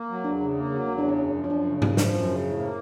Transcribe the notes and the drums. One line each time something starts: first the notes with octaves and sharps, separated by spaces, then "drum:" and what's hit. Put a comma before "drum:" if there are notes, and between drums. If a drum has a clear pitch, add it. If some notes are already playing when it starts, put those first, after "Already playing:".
Already playing: A#3
F#3
E2 D4
C#3
A#3
F#3
E2 C#4
C#3 D4
C#4
F#2
F3
C#4
F#2 D4
C#3
F#2, drum: tom G#2
F3, drum: snare
F#2
C#3
A2
A#3